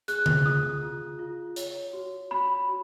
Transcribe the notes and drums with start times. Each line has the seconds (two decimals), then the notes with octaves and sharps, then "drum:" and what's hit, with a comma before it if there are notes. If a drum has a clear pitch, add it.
0.08 G#4 F#6, drum: hi-hat
0.26 drum: tom C#3
0.45 F4 D#6
0.82 F4
1.19 F4
1.56 C#5, drum: hi-hat
1.93 F#4
2.31 F#4 B5
2.68 F#4